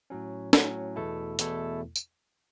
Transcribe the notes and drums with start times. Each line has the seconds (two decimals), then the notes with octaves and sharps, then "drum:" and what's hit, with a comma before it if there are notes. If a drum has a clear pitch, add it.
0.10 A2 F#3 C#4
0.53 A2 F#3 C#4, drum: snare
0.96 E2 B2 A3 E4 A4
1.39 E2 B2 A3 E4 A4, drum: hi-hat
1.96 drum: tambourine